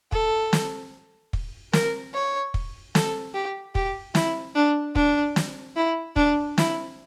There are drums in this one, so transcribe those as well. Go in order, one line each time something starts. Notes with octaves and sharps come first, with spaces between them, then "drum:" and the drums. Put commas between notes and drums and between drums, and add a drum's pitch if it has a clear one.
A4, drum: kick
drum: snare
drum: kick
A#4, drum: snare
C#5
drum: kick
A4, drum: snare
G4
G4, drum: kick
E4, drum: snare
D4
D4, drum: kick
drum: snare
E4
D4, drum: kick
E4, drum: snare